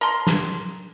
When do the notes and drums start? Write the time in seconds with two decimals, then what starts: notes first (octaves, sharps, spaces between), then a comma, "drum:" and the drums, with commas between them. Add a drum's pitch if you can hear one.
0.01 A#4 A5 C6
0.27 drum: snare